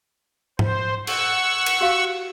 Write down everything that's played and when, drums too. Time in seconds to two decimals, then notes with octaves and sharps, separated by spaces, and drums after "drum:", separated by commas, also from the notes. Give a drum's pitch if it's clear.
0.59 C5, drum: tom G#2
1.07 F#5 C#6 E6, drum: cymbal
1.66 drum: cymbal
1.81 F#4 G4 F5